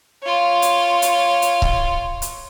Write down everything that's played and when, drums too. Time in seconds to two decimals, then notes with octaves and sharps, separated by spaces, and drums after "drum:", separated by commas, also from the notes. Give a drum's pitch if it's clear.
0.22 F4 C#5
0.62 drum: hi-hat
1.02 drum: hi-hat
1.42 drum: hi-hat
1.62 drum: kick C#1
2.22 drum: hi-hat